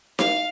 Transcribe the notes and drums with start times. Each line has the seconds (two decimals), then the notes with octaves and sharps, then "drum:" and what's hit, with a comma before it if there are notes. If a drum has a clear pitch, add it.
0.19 F5, drum: snare D#4